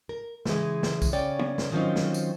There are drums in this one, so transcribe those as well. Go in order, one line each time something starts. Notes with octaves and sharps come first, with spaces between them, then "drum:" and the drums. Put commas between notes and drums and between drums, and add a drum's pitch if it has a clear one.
A#4
C#3 E3 G#3, drum: snare
drum: snare
drum: kick B1, tambourine
C#3 C#4 C#5 D5 G5
drum: tom
drum: snare
D#3 F3 F#3 C4 C#4 D#4
drum: snare
drum: tambourine